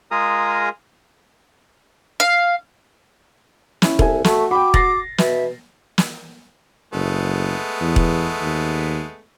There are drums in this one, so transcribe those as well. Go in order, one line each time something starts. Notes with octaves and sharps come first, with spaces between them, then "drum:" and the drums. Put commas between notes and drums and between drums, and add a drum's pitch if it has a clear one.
G#3 F4 G#4 A#4 A#5 D#6
F5
C#4 E4, drum: snare
C2 A4 E5 G#5, drum: kick E1
A3 F#4, drum: snare
F#4 G5 B5 D6
A6 A#6 C7, drum: kick E1
B2 E5, drum: snare
drum: snare
F#1 G#3 A3 B3
E2
drum: kick E1
D#2